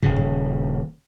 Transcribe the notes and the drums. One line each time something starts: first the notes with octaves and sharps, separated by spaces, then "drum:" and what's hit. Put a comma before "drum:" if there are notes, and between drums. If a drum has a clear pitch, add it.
D#1 C#3, drum: kick
drum: kick